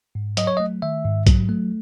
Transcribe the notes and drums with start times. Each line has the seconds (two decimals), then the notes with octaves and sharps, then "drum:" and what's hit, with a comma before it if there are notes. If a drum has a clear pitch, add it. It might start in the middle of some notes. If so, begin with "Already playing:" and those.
0.15 G#2
0.37 F#3 D#5, drum: hi-hat
0.47 C#5
0.57 D#5
0.60 A3
0.82 D#3 E5
1.05 G#2
1.27 F#3, drum: kick, hi-hat
1.49 A3